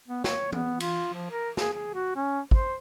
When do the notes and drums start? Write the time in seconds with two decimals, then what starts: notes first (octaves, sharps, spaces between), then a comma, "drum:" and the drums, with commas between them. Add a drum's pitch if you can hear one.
0.08 B3
0.24 C#5, drum: snare
0.52 B3, drum: tom E3
0.80 F4, drum: cymbal
1.14 F3
1.31 A#4
1.57 G#4, drum: snare
1.73 G#4
1.94 F#4
2.16 C#4
2.51 C5, drum: kick